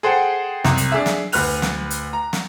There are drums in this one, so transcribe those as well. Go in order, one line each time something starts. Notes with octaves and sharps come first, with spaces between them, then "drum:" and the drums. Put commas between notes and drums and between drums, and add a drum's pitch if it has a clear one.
G#4 A4 C5 F#5 G5
C2, drum: snare
drum: hi-hat
D4 G#4 E5
drum: snare
D2 B4 F6 F#6 F7, drum: open hi-hat
drum: snare
drum: hi-hat
A#5
drum: snare